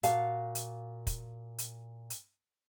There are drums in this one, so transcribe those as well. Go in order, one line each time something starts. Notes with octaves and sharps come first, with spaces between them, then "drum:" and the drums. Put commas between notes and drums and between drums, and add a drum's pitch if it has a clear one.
A#2 F#4 F5 A5, drum: hi-hat
drum: hi-hat
drum: kick, hi-hat
drum: hi-hat
drum: hi-hat